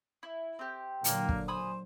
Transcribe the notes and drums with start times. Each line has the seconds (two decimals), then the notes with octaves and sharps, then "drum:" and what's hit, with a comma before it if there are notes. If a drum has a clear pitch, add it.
0.23 E4
0.59 C4 G4
1.04 A#2 D3 F#3 A#3, drum: hi-hat
1.29 drum: kick
1.48 C5 G#5 B5 D#6